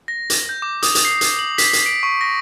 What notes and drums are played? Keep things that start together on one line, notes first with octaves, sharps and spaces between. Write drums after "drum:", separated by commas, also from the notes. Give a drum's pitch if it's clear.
A#6
drum: hi-hat
G6
D6
D#6, drum: hi-hat
drum: hi-hat
C7
drum: hi-hat
F#7
B6, drum: hi-hat
drum: hi-hat
D7
C#6
A#6